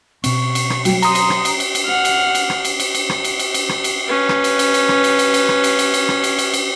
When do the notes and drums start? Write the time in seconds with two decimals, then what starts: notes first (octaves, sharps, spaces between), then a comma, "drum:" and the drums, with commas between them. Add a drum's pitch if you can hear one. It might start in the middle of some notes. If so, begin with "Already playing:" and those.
0.24 B2 C4 C#6, drum: cymbal
0.55 drum: cymbal
0.70 drum: rim click
0.85 F#3 G5, drum: cymbal
1.02 A#5 C6 D#6, drum: cymbal
1.15 drum: cymbal
1.30 drum: rim click
1.45 drum: cymbal
1.60 drum: cymbal
1.75 drum: cymbal
1.86 F#5 F6
2.05 drum: cymbal
2.35 drum: cymbal
2.50 drum: rim click
2.65 drum: cymbal
2.80 drum: cymbal
2.95 drum: cymbal
3.09 drum: rim click
3.24 drum: cymbal
3.39 drum: cymbal
3.54 drum: cymbal
3.69 drum: rim click
3.84 drum: cymbal
4.07 C#4 B4
4.29 drum: rim click
4.44 drum: cymbal
4.59 drum: cymbal
4.74 drum: cymbal
4.89 drum: rim click
5.04 drum: cymbal
5.19 drum: cymbal
5.34 drum: cymbal
5.49 drum: rim click
5.64 drum: cymbal
5.79 drum: cymbal
5.94 drum: cymbal
6.09 drum: rim click
6.24 drum: cymbal
6.39 drum: cymbal
6.54 drum: cymbal